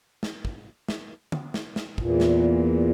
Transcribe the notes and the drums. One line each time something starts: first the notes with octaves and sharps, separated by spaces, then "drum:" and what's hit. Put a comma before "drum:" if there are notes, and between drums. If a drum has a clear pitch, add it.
drum: snare
drum: kick
drum: snare
drum: tom
drum: snare
drum: snare
E2 A#2, drum: kick
drum: snare